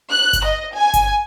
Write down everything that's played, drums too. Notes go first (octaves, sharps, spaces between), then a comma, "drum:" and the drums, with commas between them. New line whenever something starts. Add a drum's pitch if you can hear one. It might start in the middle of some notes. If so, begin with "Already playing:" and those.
F#6
drum: kick G1, hi-hat
D#5
G#5
drum: kick G1, hi-hat